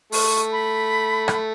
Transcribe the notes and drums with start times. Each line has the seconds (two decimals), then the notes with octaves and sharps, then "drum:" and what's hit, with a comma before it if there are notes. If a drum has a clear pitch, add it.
0.12 A3 C#6, drum: open hi-hat
0.52 B5
1.28 drum: rim click